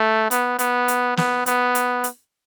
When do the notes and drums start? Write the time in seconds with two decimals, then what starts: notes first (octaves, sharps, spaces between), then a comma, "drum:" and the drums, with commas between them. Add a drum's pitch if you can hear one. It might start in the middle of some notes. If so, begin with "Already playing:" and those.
Already playing: A3
0.31 B3, drum: hi-hat
0.59 B3, drum: hi-hat
0.88 drum: hi-hat
1.17 B3, drum: snare
1.46 B3, drum: hi-hat
1.75 drum: hi-hat
2.04 drum: hi-hat